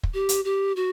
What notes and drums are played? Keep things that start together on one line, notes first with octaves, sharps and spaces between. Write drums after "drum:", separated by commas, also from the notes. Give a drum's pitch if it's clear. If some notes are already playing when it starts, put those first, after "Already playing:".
drum: kick
G4
drum: hi-hat
G4
F#4